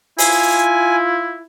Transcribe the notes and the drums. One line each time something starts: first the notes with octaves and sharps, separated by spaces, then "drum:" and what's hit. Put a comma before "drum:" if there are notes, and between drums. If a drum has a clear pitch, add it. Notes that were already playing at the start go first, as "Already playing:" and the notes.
E4 F4 G#5, drum: open hi-hat